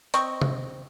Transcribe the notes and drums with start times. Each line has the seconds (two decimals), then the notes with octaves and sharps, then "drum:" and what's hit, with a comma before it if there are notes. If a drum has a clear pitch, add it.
0.14 C4 D#5 C#6, drum: hi-hat
0.42 drum: tom C3